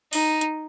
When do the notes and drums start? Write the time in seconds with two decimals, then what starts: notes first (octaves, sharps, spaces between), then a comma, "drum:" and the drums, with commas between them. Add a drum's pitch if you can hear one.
0.13 D#4, drum: open hi-hat
0.41 drum: hi-hat